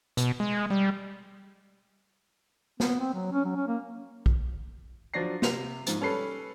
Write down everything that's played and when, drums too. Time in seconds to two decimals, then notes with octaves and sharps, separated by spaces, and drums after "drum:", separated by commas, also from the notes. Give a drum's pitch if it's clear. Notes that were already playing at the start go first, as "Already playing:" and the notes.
0.17 B2, drum: hi-hat
0.40 G#3
0.70 G3
2.80 B3, drum: snare
3.00 C4
3.14 F#3
3.32 C#4
3.44 F#3
3.56 C#4
3.68 A#3
4.26 drum: kick A#1
5.14 F3 F#3 D4 A#6 C7
5.42 C3 F7, drum: snare
5.86 G#2 F3, drum: hi-hat
6.01 G3 C#4 A4 B4 C7